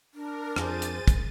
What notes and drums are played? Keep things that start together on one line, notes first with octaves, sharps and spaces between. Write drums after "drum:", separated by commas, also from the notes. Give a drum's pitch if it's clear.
D4 A#4
F2 G#4 C5 A6 D#7, drum: rim click
drum: hi-hat
drum: kick, hi-hat